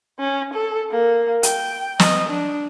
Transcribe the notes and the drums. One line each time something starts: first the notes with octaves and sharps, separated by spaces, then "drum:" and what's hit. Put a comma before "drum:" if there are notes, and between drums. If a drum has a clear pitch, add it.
C#4
A4
A#3
G5, drum: hi-hat
D#5, drum: snare
D4